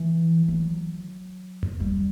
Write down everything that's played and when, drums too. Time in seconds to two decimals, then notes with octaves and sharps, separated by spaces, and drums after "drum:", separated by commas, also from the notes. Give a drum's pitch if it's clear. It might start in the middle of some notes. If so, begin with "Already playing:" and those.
Already playing: E3
0.48 F#3
1.63 drum: tom E2
1.80 G3